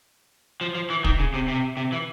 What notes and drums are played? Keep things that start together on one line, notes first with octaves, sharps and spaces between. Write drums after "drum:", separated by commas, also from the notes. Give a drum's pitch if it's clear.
F3
F3
E3
D#3, drum: kick
C#3
C3
C3
C3
E3